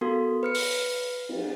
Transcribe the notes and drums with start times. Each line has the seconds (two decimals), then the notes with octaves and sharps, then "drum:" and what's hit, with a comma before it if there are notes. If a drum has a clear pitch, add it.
0.01 B3 F#4 A4 A#4
0.43 B4 F6 C#7
0.55 drum: open hi-hat
1.29 drum: cymbal